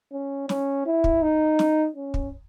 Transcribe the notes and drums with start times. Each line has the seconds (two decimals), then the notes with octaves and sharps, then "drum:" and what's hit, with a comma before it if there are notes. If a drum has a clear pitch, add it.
0.12 C#4
0.49 C#4, drum: snare
0.86 E4
1.04 drum: kick
1.22 D#4
1.59 drum: snare
1.96 C#4
2.14 drum: kick